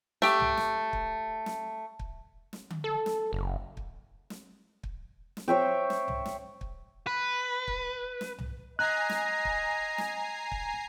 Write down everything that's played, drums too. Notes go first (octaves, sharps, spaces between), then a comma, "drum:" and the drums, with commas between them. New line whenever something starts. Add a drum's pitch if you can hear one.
A3 G4, drum: snare
drum: tom C2
drum: snare
drum: kick
drum: snare
drum: kick
drum: snare
drum: tom D3
A4
drum: snare
F#1
drum: kick
drum: snare
drum: kick
drum: snare
C5 C#5 E5 G5
drum: snare
drum: tom C2
drum: snare
drum: kick
B4
drum: kick
drum: snare
drum: tom C2
D#5 G#5 A#5 F#6 C7
drum: snare
drum: kick
drum: snare
drum: kick